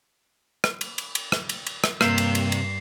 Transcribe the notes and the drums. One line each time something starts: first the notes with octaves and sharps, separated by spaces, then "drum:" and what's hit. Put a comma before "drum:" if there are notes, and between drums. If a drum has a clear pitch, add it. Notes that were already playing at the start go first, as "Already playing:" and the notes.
drum: rim click
drum: cymbal
drum: cymbal
drum: cymbal
drum: rim click
drum: cymbal
drum: cymbal
drum: rim click
G2 C3 A#3 C7 E7, drum: rim click
drum: cymbal
drum: cymbal
drum: cymbal